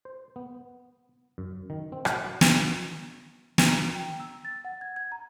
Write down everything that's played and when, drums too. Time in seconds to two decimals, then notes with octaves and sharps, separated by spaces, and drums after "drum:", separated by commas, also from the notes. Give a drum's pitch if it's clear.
0.05 C5
0.36 B3
1.38 F#2
1.70 D#3
1.92 C4
2.05 F#4, drum: rim click
2.41 drum: snare
3.58 drum: snare
3.68 A#5
3.95 G5
4.20 E6
4.45 A6
4.65 F#5
4.81 G#6
4.96 G#6
5.12 A#5